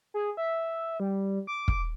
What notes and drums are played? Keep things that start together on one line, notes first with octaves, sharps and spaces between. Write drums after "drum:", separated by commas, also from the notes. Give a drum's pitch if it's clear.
G#4
E5
G3
D6
drum: kick